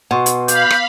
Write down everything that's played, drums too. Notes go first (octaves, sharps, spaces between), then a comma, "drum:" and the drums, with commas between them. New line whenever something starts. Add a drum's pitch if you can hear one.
B2 F#5 C6 C#6
drum: hi-hat
F5 B5 D6 G6, drum: hi-hat
drum: rim click